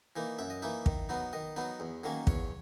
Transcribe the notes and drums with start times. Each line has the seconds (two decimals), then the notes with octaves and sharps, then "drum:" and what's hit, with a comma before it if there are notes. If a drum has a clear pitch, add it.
0.16 E3 A#3 D#4
0.39 F#2 E5
0.50 D#5
0.62 E3 A#3 D#4 E5
0.86 D#3, drum: kick
1.09 F#3 B3 D#4
1.33 D#3 D#5
1.56 F#3 B3 D#4
1.80 E2
2.04 D#3 F#3 A#3 C#4
2.27 E2 C#5, drum: kick